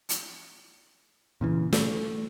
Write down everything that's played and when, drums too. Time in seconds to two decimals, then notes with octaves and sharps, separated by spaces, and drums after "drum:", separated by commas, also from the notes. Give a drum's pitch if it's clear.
0.09 drum: hi-hat
1.41 A#2 C#3 E3
1.73 A3, drum: snare